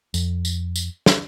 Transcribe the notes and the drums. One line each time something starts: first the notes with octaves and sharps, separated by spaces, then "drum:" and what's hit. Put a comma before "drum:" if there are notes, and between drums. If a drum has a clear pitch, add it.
F2, drum: tambourine
drum: tambourine
drum: tambourine
drum: snare